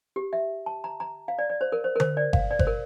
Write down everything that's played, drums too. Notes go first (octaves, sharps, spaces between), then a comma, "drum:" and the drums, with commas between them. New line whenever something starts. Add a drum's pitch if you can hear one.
G4
E5
A5
A#5
A#5
F5
D5
D5
C5
A#4
C5
A#4
C5, drum: tom D3
D5
F5, drum: kick G1
D5
C5, drum: kick G1
A#4